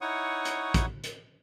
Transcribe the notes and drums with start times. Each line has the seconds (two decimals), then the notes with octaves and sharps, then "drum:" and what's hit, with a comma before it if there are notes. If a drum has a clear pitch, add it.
0.01 D#4 E4 C#5 F#5 C#6 D#6
0.45 drum: hi-hat
0.74 drum: kick, hi-hat
1.04 drum: hi-hat